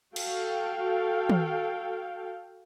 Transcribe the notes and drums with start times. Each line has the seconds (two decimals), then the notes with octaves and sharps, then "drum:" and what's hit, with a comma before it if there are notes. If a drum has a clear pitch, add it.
0.16 F#4 A4 F5 G5, drum: cymbal
1.29 drum: tom